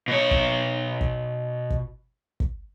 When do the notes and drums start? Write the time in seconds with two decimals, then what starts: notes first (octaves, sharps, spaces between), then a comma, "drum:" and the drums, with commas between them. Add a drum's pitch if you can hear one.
0.08 B2 C#5
0.31 drum: kick
1.01 drum: kick
1.70 drum: kick
2.40 drum: kick